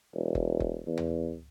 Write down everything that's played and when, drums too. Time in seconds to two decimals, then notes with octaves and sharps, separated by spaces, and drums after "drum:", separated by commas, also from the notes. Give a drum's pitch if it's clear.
0.14 E1
0.35 drum: kick F#1
0.60 drum: kick F#1
0.87 E2
0.98 drum: tom D2